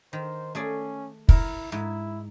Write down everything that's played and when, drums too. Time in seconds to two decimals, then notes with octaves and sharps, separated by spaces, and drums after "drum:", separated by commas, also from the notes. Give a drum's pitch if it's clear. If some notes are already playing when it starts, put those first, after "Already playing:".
0.13 D#3 C5
0.55 A3 C#4 G#4 D5
1.29 E4 A#4, drum: kick
1.72 G#2 E4